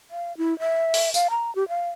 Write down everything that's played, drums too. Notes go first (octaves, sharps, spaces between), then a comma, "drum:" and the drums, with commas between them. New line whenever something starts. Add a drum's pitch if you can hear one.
F5
E4
E5
drum: open hi-hat
F5, drum: tambourine
A#5
G4
F5